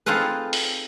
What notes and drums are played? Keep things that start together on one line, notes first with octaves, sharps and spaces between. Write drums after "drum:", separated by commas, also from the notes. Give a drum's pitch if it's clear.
C4 D#4 F4 G#4 A4 B4
drum: open hi-hat